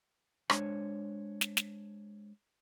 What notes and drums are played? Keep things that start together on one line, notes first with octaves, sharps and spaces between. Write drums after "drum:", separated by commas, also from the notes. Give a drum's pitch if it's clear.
G#3 D4 C5 C#5, drum: rim click
drum: snare
drum: snare